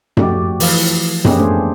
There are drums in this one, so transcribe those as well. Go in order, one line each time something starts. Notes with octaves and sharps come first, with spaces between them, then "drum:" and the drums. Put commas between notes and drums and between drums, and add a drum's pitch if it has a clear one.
F3 A3 F#4 G4 D5, drum: tom F#2
E3 F3 B4 F5, drum: open hi-hat
A#3 B3 C#4 G4 G#4 B4, drum: tom F#2
A3 D4 C5